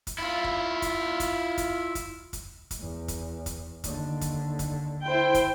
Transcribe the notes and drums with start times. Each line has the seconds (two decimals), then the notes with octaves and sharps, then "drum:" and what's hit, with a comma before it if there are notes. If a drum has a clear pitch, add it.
0.07 drum: kick, hi-hat
0.18 E4 F4
0.44 drum: kick
0.82 drum: kick, hi-hat
1.20 drum: kick, hi-hat
1.58 drum: kick, hi-hat
1.95 drum: kick, hi-hat
2.33 drum: kick, hi-hat
2.71 drum: kick, hi-hat
2.80 E2
3.08 drum: kick, hi-hat
3.46 drum: kick, hi-hat
3.84 D#2 D3, drum: kick, hi-hat
4.21 drum: kick, hi-hat
4.59 drum: kick, hi-hat
5.04 E4 C5 G5
5.34 drum: kick, hi-hat